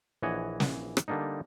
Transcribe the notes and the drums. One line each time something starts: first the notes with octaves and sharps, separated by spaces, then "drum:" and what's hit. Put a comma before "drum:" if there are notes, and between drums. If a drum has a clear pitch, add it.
A#1 E3 C#5 D#5 F#5 G#5
drum: snare
drum: rim click
D3 G3 A#3 D4 D#4